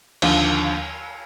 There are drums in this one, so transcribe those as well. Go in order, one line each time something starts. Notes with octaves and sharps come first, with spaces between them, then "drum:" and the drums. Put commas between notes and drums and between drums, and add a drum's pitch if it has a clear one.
D#2 D3 F3, drum: cymbal